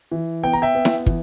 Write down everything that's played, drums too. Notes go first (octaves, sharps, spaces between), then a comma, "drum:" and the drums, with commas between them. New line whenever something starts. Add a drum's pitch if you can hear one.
E3
B3 G5
A#5
E5 G5
B3
drum: snare E4
E3, drum: kick